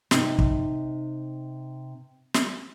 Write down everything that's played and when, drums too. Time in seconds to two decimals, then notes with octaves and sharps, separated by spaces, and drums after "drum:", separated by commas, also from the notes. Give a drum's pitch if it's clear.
0.11 C3 D#4, drum: snare
0.38 drum: kick
2.34 drum: snare